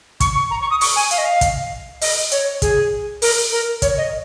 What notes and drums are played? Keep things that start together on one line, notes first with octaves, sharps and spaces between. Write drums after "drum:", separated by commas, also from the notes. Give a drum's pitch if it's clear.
C#6, drum: kick, hi-hat
C#6
A#5
C#6
D#6
C#6, drum: open hi-hat
G#5
F5, drum: hi-hat
D#5
F5
drum: kick, hi-hat
D#5, drum: open hi-hat
C#5, drum: hi-hat
G#4, drum: kick, hi-hat
A#4, drum: open hi-hat
A#4
C#5, drum: kick, hi-hat
D#5